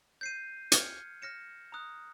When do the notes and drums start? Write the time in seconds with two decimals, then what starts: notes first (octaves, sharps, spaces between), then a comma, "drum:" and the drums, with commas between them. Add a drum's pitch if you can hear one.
0.21 G6 C7 D#7
0.72 F6 G#6 C#7, drum: hi-hat
1.22 F6 A#6 C#7 E7
1.72 A#5 D#6 F#6